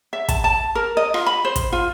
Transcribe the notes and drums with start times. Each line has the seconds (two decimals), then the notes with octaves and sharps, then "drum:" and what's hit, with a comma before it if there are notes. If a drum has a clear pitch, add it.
0.13 E5
0.28 A5, drum: kick, hi-hat
0.44 A5
0.75 A#4
0.97 D#5
1.14 F4, drum: rim click
1.26 B5
1.45 C5
1.56 drum: kick, hi-hat
1.72 F4